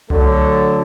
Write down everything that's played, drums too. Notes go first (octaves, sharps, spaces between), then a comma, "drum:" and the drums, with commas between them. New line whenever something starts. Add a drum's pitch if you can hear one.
D3 F#3 A3 A4, drum: tom C2